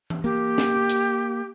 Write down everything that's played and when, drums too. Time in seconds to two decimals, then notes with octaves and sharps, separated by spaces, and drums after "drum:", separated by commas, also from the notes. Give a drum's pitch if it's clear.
0.10 drum: tom E3
0.24 A#3 G4
0.58 drum: snare
0.89 drum: hi-hat